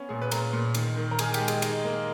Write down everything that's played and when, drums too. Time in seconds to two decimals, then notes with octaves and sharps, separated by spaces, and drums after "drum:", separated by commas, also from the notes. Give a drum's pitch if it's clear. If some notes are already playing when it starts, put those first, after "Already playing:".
Already playing: B3 C#4
0.09 A#2 G#4
0.22 B4
0.31 A#2 A#4, drum: cymbal
0.53 A#2
0.75 D#3, drum: cymbal
0.97 D#3
1.11 A#4
1.19 D#3 G#4, drum: cymbal
1.34 G4, drum: cymbal
1.40 G#3
1.48 G#4, drum: cymbal
1.62 D#4, drum: cymbal
1.85 A#3